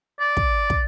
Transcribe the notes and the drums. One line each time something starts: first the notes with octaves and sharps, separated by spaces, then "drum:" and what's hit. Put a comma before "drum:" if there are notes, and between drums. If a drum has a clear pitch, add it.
D5
drum: kick
drum: kick